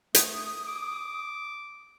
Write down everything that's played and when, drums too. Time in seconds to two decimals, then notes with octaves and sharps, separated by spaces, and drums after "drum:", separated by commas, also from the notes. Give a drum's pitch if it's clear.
0.15 A3 D#6, drum: hi-hat
0.67 D6